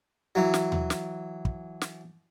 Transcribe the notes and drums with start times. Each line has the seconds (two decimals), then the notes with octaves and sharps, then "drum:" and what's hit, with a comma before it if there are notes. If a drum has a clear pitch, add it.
0.35 E3 F#3
0.54 drum: snare
0.72 drum: tom D#2
0.90 drum: snare
1.45 drum: kick
1.81 drum: snare